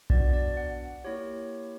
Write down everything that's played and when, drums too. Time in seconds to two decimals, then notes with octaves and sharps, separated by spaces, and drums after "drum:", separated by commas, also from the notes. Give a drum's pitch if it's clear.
0.10 B3 D4 F#4 D5, drum: kick
0.34 D5
0.57 F#5
1.05 A#3 E4 G4 C#5